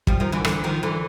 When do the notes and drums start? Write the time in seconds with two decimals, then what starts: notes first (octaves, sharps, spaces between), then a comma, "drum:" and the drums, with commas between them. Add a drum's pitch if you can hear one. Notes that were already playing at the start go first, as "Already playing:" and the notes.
0.07 F3 G3, drum: kick
0.20 D#3 F3
0.32 D3 E3
0.45 D3 E3, drum: rim click
0.64 D#3 F3
0.83 D3 E3